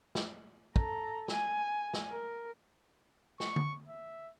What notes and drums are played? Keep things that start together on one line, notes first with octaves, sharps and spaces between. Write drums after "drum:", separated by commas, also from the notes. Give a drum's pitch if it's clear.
drum: snare
A4 A#5, drum: kick
G#5, drum: snare
drum: snare
A#4
C#6, drum: snare
drum: tom D3
E5